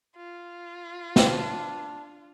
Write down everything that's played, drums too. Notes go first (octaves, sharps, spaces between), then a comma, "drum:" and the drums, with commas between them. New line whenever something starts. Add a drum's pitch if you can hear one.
F4
D4, drum: snare